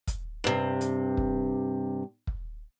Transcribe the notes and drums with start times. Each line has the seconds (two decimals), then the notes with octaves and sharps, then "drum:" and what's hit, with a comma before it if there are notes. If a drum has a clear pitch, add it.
0.07 drum: kick, hi-hat
0.44 G2 C3
0.81 drum: hi-hat
1.17 drum: kick
2.27 drum: kick